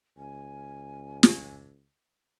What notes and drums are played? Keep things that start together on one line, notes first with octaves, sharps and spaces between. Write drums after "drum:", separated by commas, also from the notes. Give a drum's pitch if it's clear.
C#2 G#5
drum: snare